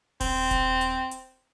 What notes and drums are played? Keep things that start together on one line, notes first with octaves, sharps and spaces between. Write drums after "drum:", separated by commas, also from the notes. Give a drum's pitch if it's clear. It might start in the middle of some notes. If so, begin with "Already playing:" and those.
C4, drum: kick D#1, open hi-hat
drum: kick D#1, hi-hat
drum: hi-hat
drum: hi-hat